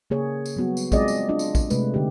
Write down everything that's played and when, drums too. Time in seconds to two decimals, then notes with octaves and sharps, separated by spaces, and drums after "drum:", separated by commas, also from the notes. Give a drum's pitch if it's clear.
0.10 C#3 A#3 G#4 C#5
0.46 drum: tambourine
0.56 F#3 G3 B3 F#4
0.77 drum: tambourine
0.92 G#3 C4 F4 G#4 D5 D#5, drum: kick, tambourine
1.08 drum: tambourine
1.29 D4 F4 D#5
1.39 drum: tambourine
1.55 drum: kick, tambourine
1.70 C3 G#3 A3 B4, drum: tambourine
1.94 D3 D#4 G4